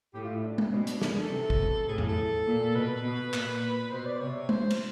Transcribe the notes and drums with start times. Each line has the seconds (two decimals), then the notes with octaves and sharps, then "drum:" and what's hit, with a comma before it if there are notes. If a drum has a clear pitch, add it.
0.14 A2 G4
0.24 F4
0.34 E4
0.44 D4
0.58 C4, drum: tom G#3
0.72 B2 C#4
0.87 D4, drum: hi-hat
1.02 D4, drum: snare
1.12 G#4
1.21 A4
1.30 C3
1.50 drum: kick
1.59 B2
1.88 A2 G#4
1.98 G#4, drum: tom E2
2.08 A4
2.47 A#2
2.75 B2 B4
3.05 B2
3.33 A#2, drum: clap
3.92 B2 C5
4.06 D5
4.21 C3 C#5
4.49 C5, drum: tom G#3
4.70 drum: cymbal